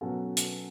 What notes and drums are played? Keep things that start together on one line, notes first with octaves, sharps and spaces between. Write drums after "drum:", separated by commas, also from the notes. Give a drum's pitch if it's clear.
B2 F#3 C#4 F#4 A4
drum: hi-hat